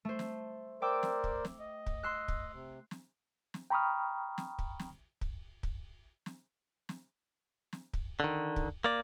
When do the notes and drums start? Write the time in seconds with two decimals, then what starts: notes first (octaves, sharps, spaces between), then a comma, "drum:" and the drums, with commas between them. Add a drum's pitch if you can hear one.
0.05 A3 C5
0.19 drum: snare
0.82 A#4 C5 D5 G5 D6 E6
1.03 drum: snare
1.24 drum: kick
1.45 drum: snare
1.60 D#5
1.86 drum: kick
2.03 C6 E6 F#6
2.28 drum: kick
2.53 C3
2.91 drum: snare
3.54 drum: snare
3.70 G5 A#5 B5 C#6 D#6 F6
4.38 drum: snare
4.59 drum: kick
4.80 drum: snare
5.21 drum: kick
5.63 drum: kick
6.26 drum: snare
6.89 drum: snare
7.73 drum: snare
7.94 drum: kick
8.20 D3 D#3
8.56 drum: kick
8.84 A#3 D5